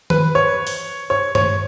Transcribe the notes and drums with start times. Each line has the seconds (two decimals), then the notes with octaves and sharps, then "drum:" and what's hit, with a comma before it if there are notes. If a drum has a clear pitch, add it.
0.10 B4, drum: tom D#3
0.35 C#5
0.67 drum: open hi-hat
1.10 C#5
1.35 C#5, drum: tom